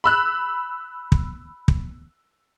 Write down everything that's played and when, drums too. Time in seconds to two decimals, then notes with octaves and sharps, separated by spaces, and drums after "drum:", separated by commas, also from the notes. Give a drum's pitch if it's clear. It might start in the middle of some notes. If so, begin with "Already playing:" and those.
0.04 B5 E6 F#6
1.12 drum: kick
1.68 drum: kick